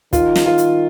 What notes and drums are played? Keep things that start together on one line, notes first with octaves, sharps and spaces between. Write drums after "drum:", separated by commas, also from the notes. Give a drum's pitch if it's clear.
D#3 F4, drum: kick, hi-hat
drum: snare
F4
drum: hi-hat